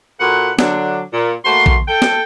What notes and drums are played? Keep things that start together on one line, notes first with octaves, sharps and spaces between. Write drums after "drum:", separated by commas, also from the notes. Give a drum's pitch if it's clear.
A#2 F#4 A4 B4 F#5
D3 F#3 D4, drum: snare
A#2
A3 A#3 F#4 B4 C6
drum: kick A#1
A4 G5
drum: snare